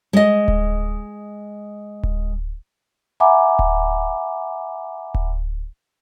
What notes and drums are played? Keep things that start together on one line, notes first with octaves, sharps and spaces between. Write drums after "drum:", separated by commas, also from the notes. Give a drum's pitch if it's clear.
G#3 D#5
drum: kick D1
drum: kick D1
E5 F#5 G#5 A#5 B5 D6
drum: kick D1
drum: kick D1